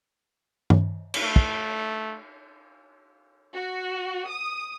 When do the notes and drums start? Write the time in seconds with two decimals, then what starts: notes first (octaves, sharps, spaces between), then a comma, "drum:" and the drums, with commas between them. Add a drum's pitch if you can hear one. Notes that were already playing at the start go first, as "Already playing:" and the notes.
0.70 drum: tom G2
1.14 drum: cymbal
1.23 A3
1.36 drum: kick
3.55 F#4
4.29 D#6